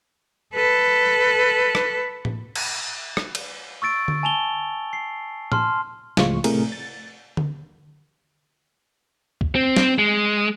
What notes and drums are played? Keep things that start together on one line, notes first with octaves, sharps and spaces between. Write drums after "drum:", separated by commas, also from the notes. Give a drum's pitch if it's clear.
A4 B4
drum: rim click
drum: tom A2
drum: cymbal
drum: rim click
drum: cymbal
C#6 E6 A6 D7
drum: tom D3
G#5 A5 F7 G7
C7
A5 C6 F6, drum: tom A2
C#2 A2 F3 G#3 F4 C#6, drum: snare
A2 C3 A3 G#4 A#4, drum: cymbal
A6
drum: tom D3
drum: kick
C4
drum: snare
G#3